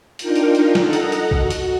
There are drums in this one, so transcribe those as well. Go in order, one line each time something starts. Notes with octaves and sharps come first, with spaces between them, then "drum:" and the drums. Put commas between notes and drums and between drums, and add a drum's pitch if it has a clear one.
D4 D#4 F4 A#4 G5, drum: hi-hat
drum: hi-hat
drum: hi-hat
A4 D#5 F#5 A#5, drum: snare
drum: hi-hat
drum: hi-hat
F#4, drum: kick
drum: hi-hat